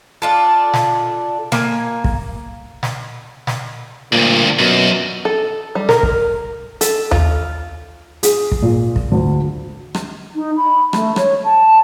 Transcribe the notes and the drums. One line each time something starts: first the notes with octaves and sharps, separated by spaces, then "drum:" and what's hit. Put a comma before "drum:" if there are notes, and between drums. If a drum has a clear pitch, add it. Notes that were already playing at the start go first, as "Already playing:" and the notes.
D4 F4 A4
drum: snare
A#3 G#5, drum: snare
drum: kick
drum: snare
drum: snare
D2 G2 A#2
F#2 B2
A4
G3
A#4, drum: snare
drum: kick
A4, drum: hi-hat
F4, drum: tom D#2
G#4, drum: hi-hat
drum: kick
A#2
drum: kick
D2
drum: rim click
D#4
B5
A3, drum: rim click
C#5, drum: rim click
A5